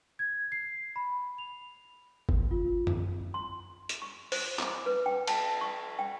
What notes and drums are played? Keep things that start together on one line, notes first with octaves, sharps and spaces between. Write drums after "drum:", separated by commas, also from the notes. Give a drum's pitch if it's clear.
G#6
C7
B5
F7
drum: kick G1
F4
drum: tom F#2
C6
drum: hi-hat
C#6
C5, drum: open hi-hat
D6, drum: clap
B4
G5
A5, drum: cymbal
C#6
G5